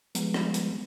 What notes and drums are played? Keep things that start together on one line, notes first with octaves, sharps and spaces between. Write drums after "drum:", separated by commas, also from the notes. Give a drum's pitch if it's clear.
F3 G3 G#3 B3, drum: hi-hat
drum: rim click
drum: hi-hat